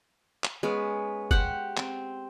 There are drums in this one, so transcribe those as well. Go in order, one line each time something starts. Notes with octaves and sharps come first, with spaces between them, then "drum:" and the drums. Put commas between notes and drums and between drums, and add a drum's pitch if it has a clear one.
drum: clap
G#3 B3 C#4
G4 C5 F#5, drum: kick
C4, drum: clap